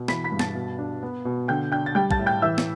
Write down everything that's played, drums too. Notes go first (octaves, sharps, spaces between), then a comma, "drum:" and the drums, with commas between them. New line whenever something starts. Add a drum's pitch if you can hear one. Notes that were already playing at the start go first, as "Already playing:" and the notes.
Already playing: B2
E3 B5 B6, drum: snare
B5 B6
G2
A5 A6, drum: snare
B2
D4
B3
B2
D3 G5 G6
D4 G5 G6
A6
G3 G5 G6
A5 A6, drum: kick
A2
G5 G6
E3 E5 E6
drum: snare